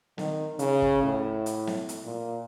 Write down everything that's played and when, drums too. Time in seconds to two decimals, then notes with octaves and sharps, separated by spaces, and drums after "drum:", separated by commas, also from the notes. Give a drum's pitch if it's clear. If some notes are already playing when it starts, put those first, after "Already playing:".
0.18 D#3, drum: snare
0.59 C#3, drum: hi-hat
0.82 drum: kick
1.03 A2
1.46 drum: hi-hat
1.67 drum: snare
1.89 drum: hi-hat
2.04 A#2